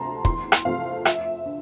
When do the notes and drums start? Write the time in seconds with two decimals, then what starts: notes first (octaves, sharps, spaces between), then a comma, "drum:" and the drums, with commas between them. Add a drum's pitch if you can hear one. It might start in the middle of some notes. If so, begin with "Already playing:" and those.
Already playing: D2 C3 F3 A3 A5 A#5 C6
0.25 E2 C6, drum: kick
0.52 drum: rim click
0.65 C3 F3 A3 F5
1.05 F2 E5, drum: rim click
1.46 D3